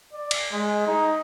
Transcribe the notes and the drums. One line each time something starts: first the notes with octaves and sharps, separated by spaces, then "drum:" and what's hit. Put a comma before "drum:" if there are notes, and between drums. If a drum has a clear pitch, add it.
D5
drum: cymbal
G#3
D#4